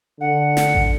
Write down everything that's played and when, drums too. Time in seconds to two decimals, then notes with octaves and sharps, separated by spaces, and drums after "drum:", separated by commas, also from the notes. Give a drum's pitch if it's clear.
0.20 D3 F#5
0.57 drum: snare
0.75 drum: kick A1